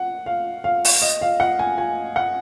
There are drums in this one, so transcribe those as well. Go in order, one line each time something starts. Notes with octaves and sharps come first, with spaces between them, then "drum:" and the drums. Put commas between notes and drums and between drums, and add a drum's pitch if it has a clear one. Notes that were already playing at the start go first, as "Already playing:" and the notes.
Already playing: F#5
F5
F5
drum: open hi-hat
D#5
F5
F#5
G#5
G#5
F#5